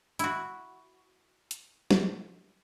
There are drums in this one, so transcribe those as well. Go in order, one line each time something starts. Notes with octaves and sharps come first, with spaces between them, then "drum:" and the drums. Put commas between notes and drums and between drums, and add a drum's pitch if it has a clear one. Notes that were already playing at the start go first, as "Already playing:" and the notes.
E4 F#4, drum: hi-hat
drum: hi-hat
drum: snare